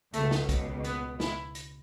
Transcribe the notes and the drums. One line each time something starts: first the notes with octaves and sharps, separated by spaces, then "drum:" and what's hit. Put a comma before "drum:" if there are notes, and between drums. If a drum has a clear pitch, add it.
C#2 B2 A3, drum: hi-hat
drum: snare
drum: kick, hi-hat
B3, drum: hi-hat
E4, drum: snare
drum: hi-hat